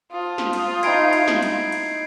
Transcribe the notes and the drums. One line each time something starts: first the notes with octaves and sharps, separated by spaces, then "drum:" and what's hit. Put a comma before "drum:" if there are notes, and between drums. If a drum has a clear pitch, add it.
F4 C5 A5 D#6
drum: snare
drum: cymbal
D#4 E4 G5 G#6 C7 D7, drum: cymbal
drum: cymbal
drum: snare
drum: cymbal
drum: cymbal